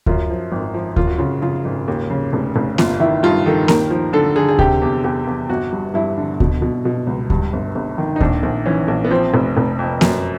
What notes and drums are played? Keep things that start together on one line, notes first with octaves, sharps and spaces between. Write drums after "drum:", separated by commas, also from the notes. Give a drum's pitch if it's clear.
F#2 F4, drum: kick D2
F3
G#1
F3
F#2 F4, drum: kick D2
F#4
C#3 F4
C#3 F4
G#1
D#2
C#3
F1
F1
G1 F4, drum: snare A#3
D#3 E4
G2 F4
D#3 A4
D#2 A#4, drum: snare A#3
F3
D3 A4
D3 G#4
G#4
C3 G4, drum: kick D2
E2
E2 G4
E2
G1 F#4
G2
G2 E4
D3
B2, drum: kick D2
B2
B2
C#2
G2, drum: kick D2
G1
G1
D#3
D#4
A#1 D4, drum: kick D2
A#1
E3 C#4
A#1
B3
F3 C4
F1
F1
F2
F#2, drum: snare A#3